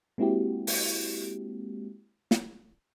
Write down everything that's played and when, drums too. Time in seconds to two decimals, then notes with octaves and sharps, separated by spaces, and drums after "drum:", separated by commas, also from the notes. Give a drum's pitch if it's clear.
0.18 G#3 A#3 C4 E4 F#4 G4
0.67 drum: open hi-hat
2.31 drum: snare